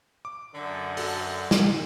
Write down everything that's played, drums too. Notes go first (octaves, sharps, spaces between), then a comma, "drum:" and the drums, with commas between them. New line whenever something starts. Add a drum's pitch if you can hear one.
D6
F#2 D3
F#4 A4, drum: open hi-hat
drum: snare